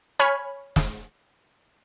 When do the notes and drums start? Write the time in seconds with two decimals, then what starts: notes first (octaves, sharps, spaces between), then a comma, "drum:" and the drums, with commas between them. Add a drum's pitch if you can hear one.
0.19 C#5 G#5 B5 F6 G#6, drum: hi-hat
0.76 drum: snare